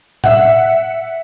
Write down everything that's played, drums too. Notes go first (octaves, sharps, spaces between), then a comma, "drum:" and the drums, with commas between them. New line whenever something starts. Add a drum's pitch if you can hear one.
E5 F#5, drum: tom A2